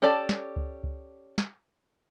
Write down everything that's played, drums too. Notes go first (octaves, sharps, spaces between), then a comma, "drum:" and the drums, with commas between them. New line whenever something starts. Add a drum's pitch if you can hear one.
C#4 G4 A4 D5 A5
drum: snare
drum: kick C#2
drum: kick C#2
drum: snare